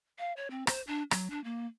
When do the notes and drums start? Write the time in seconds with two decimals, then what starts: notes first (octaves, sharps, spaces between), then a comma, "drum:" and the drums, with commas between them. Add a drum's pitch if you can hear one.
0.19 F5
0.37 C#5
0.51 C4
0.67 C5, drum: rim click
0.87 D4
1.11 F#3, drum: rim click
1.30 D4
1.44 A#3